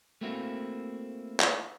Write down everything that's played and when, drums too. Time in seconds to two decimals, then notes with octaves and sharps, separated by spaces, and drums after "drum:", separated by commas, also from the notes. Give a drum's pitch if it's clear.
0.21 A3 A#3 C4 E4 F#4
1.40 drum: clap